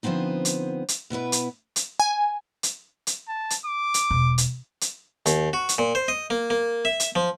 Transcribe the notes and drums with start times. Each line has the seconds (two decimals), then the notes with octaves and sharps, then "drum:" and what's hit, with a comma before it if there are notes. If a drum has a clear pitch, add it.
0.03 D3 F3 F#3 B3 C4 D#4
0.45 drum: hi-hat
0.88 drum: hi-hat
1.10 B2 B3 E4 B4
1.32 drum: hi-hat
1.76 drum: hi-hat
2.00 G#5
2.63 drum: hi-hat
3.07 drum: hi-hat
3.28 A5
3.50 drum: hi-hat
3.66 D6
3.94 drum: hi-hat
4.11 E1
4.38 drum: hi-hat
4.81 drum: hi-hat
5.26 D#2, drum: hi-hat
5.53 F#4
5.69 drum: hi-hat
5.78 A#2
5.95 C5
6.08 D#5
6.30 A#3
6.50 A#3
6.85 E5
7.00 drum: hi-hat
7.15 F3